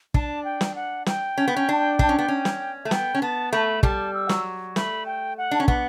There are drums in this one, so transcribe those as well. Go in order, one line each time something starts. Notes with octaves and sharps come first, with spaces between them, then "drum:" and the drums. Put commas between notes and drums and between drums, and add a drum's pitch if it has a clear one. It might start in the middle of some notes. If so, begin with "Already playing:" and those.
D4 A5, drum: kick
G5
drum: snare
F#5
G5, drum: snare
C#4
B3
C#4
D4
D4, drum: kick
C#4
B3
C#4
drum: snare
A3
B3 G5, drum: snare
C#4
B3 A5
A3 B5
G3 A5, drum: kick
E6
F#3, drum: snare
A3 B5, drum: snare
G5
F#5
D4
C#4
B3 F#5, drum: kick